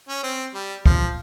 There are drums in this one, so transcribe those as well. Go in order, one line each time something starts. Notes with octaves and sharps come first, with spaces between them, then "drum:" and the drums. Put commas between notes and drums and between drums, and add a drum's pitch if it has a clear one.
C#4
C4
G3
F3, drum: kick